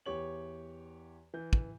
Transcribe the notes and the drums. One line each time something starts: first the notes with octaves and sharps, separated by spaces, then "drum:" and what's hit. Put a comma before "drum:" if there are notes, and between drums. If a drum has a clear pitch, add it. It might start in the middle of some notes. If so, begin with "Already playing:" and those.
E2 E3 G4 C#5 F#7
E3 G6
drum: kick